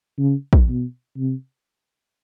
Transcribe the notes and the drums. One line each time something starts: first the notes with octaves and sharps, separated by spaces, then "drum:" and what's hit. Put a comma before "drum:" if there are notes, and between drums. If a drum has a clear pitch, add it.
C#3
drum: kick
B2
C3